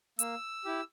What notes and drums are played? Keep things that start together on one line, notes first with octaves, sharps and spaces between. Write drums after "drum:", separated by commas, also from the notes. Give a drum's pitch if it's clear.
A#3 E6, drum: hi-hat
E4 G4